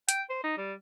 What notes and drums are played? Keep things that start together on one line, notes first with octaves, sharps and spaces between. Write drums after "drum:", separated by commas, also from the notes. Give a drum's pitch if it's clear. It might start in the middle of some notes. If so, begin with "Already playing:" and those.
G5, drum: hi-hat
C5
D#4
G3